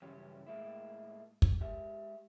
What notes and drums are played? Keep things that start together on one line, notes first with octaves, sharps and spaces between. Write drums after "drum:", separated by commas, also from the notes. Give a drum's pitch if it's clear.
G2 C#3 E3 F#3 C#4 G4
A2 G#3 A#3 E4
drum: kick
G#3 G4 E5